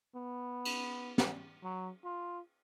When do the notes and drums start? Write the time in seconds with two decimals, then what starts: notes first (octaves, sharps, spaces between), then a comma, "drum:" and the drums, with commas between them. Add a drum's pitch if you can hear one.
0.15 B3
0.65 drum: cymbal
1.18 drum: snare
1.64 F#3
2.05 F4